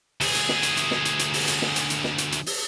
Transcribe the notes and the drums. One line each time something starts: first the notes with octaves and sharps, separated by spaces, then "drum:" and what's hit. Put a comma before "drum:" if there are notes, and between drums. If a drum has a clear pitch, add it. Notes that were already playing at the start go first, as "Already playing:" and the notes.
D2 G#4, drum: open hi-hat
drum: hi-hat
drum: snare
drum: hi-hat
drum: hi-hat
drum: snare
drum: hi-hat
drum: hi-hat
drum: open hi-hat
drum: hi-hat
drum: snare
drum: hi-hat
drum: hi-hat
drum: snare
drum: hi-hat
drum: hi-hat
drum: open hi-hat